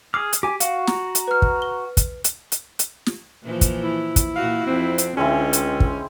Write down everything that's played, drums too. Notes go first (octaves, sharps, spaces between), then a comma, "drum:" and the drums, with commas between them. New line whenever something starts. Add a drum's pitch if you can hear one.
G#4 D6 F6 C7
drum: hi-hat
G4 G#5 D6
F#4 F5, drum: hi-hat
A#5, drum: snare
drum: hi-hat
B4 F6
drum: kick
G7
drum: kick, hi-hat
drum: hi-hat
drum: hi-hat
drum: hi-hat
drum: snare
A#2 E3 F3
drum: kick, hi-hat
E4
drum: kick, hi-hat
A#2 F#4 F5
F2 C4
drum: hi-hat
C#2 D3 G#3 C4 C#4 E4
drum: hi-hat
drum: kick